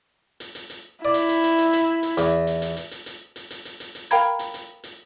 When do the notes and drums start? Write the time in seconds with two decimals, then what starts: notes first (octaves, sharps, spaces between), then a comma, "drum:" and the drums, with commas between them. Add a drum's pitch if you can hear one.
0.40 drum: hi-hat
0.55 drum: hi-hat
0.70 drum: hi-hat
1.05 E4 D5
1.14 drum: hi-hat
1.29 drum: hi-hat
1.44 drum: hi-hat
1.58 drum: hi-hat
1.73 drum: hi-hat
2.03 drum: hi-hat
2.17 E2, drum: hi-hat
2.47 drum: hi-hat
2.62 drum: hi-hat
2.77 drum: hi-hat
2.91 drum: hi-hat
3.06 drum: hi-hat
3.36 drum: hi-hat
3.51 drum: hi-hat
3.65 drum: hi-hat
3.80 drum: hi-hat
3.95 drum: hi-hat
4.11 A#4 F5 G5 A#5 B5 G#6, drum: hi-hat
4.39 drum: hi-hat
4.54 drum: hi-hat
4.84 drum: hi-hat